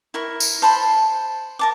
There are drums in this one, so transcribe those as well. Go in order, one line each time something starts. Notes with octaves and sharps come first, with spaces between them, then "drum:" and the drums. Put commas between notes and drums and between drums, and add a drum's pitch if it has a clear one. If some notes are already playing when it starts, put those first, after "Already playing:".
E4 A#4 C#6
drum: tambourine
C5 A5 B5 C6
A#4 A5 D6